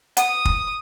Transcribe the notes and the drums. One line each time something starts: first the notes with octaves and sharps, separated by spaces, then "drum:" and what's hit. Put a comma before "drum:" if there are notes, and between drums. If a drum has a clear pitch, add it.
F#5 D#6, drum: hi-hat
drum: kick